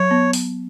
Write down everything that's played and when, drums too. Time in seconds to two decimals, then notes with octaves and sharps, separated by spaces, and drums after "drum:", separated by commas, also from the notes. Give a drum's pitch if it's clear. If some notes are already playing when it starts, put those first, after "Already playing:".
Already playing: F#3 C#5
0.11 B3
0.33 drum: open hi-hat